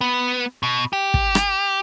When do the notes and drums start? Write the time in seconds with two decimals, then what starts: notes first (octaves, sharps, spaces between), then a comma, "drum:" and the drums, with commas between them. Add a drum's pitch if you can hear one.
0.01 B3
0.63 B2
0.93 G4
1.14 drum: kick
1.35 drum: rim click